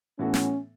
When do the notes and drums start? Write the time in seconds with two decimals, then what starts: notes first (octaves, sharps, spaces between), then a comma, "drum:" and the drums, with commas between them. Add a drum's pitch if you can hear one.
0.19 A2 E3 B3 C#4 F#4 A4
0.34 drum: snare